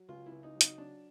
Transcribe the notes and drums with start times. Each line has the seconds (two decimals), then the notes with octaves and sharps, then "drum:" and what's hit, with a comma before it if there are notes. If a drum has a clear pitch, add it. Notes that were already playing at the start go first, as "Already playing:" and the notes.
Already playing: F#3
0.08 C#2 F4
0.26 E4
0.32 C#2
0.43 D#4
0.55 F#3
0.61 D#4, drum: hi-hat
0.78 F#3 D4